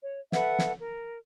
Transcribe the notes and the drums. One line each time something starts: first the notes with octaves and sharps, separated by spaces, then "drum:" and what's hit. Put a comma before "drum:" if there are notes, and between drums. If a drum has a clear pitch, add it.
C#5
A4 B4 E5 F#5, drum: snare
drum: snare
A#4